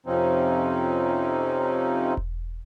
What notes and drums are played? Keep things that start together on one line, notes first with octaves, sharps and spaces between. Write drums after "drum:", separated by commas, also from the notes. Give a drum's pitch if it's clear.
F2 C3 F3 C4 C#4 D#4
drum: kick E1